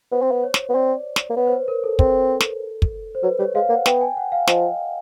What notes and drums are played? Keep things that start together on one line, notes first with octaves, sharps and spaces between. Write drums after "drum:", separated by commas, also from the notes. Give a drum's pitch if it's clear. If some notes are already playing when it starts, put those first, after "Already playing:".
B3 C5
C4
B3
C#5
drum: snare
B3
C4 D5
drum: snare
A#3
B3 C#5
C5
B4
A#4
A4
C4 A4, drum: kick
drum: snare
drum: kick
C5
F#3 B4
G3 C#5
G#3 F5
A#3 F#5
B3 G5, drum: snare
G#5
F#5
F5
F3 D#5, drum: snare